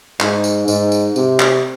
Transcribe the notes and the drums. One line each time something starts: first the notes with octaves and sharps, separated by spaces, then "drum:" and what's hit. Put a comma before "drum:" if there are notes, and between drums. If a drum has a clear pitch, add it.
G#2, drum: clap
drum: tambourine
G#2, drum: tambourine
drum: tambourine
C3, drum: tambourine
drum: clap